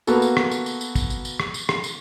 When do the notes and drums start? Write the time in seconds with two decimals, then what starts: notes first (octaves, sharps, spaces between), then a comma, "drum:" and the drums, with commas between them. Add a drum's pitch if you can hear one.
0.07 A#3 B3 F#4 A4, drum: tambourine
0.22 drum: tambourine
0.37 drum: rim click
0.51 drum: tambourine
0.66 drum: tambourine
0.81 drum: tambourine
0.95 drum: kick, tambourine
1.10 drum: tambourine
1.25 drum: tambourine
1.40 drum: rim click
1.54 drum: tambourine
1.69 drum: rim click
1.84 drum: tambourine